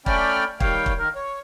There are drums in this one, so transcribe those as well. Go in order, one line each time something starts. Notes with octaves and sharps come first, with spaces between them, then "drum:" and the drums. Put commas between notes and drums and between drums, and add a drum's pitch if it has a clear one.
A3 C#4 D5 G5 B5 F6, drum: kick
D#3 G3 C#5 F5 G5, drum: kick
drum: kick
D#3 A#4
C#5